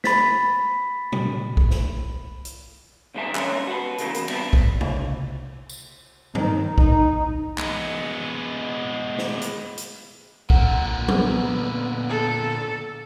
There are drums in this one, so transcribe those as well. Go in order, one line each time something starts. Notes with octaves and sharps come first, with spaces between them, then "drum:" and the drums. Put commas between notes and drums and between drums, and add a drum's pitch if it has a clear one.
B5 A6 B6, drum: snare
drum: tom A#2
drum: kick
drum: snare
drum: hi-hat
A#2 D#3 G#3 B3 E5 G#5
E3 G#3 C#4 D#4 C#5 E5, drum: clap
F#4 B4
C#2 C#3 E3 A3 A#3, drum: hi-hat
E2, drum: hi-hat
G2 F3 B3 D4 E4, drum: cymbal
drum: kick
drum: tom
drum: tambourine
D#3, drum: tom
D#4, drum: kick
G#3 B3, drum: clap
drum: snare
drum: hi-hat
drum: hi-hat
A#2 D3 F#5, drum: kick
B3, drum: tom F3
A4